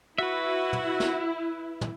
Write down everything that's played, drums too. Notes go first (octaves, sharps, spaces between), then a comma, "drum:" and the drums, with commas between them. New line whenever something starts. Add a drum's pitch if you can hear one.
E4 F#4 B4 E5
drum: tom
drum: snare
drum: tom